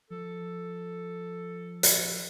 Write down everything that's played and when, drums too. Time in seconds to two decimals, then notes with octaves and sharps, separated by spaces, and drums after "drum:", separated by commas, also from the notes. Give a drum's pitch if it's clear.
0.10 F3 A4
1.83 drum: hi-hat